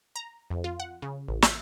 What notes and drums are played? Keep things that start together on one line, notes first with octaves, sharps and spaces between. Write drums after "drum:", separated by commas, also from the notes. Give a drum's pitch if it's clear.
A#5
F2
F4
F#5
C#3
A1
E5, drum: snare